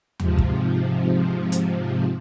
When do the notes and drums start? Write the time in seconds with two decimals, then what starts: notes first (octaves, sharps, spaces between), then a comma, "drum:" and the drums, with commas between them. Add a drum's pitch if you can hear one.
0.20 G#2 C3 F3, drum: tom D#2
0.38 drum: kick
1.52 drum: hi-hat